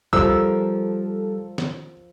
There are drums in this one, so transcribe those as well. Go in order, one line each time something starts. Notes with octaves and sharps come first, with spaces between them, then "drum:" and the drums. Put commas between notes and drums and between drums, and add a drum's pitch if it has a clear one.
F3 G3 A4 A#4 E6, drum: kick
drum: snare